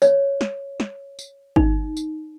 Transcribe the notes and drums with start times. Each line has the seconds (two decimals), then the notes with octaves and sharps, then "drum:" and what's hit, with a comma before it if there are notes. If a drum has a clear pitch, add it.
0.02 C#5, drum: tambourine
0.41 drum: snare
0.80 drum: snare
1.19 drum: tambourine
1.56 D#4, drum: kick
1.97 drum: tambourine